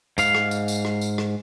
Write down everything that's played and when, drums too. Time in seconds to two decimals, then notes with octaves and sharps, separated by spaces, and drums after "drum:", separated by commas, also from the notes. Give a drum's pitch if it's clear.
0.18 G#2 F5, drum: tambourine
0.35 drum: rim click
0.51 drum: tambourine
0.68 drum: tambourine
0.85 drum: rim click
1.01 drum: tambourine
1.18 drum: rim click